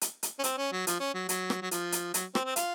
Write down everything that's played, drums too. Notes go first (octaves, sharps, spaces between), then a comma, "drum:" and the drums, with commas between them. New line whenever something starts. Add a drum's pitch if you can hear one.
drum: hi-hat
drum: hi-hat
C#4
C4, drum: hi-hat
C#4
F#3
F3, drum: hi-hat
C#4
F#3
F#3, drum: hi-hat
drum: rim click
F#3
F3, drum: hi-hat
drum: hi-hat
F#3, drum: hi-hat
C4, drum: rim click
C4
F4, drum: hi-hat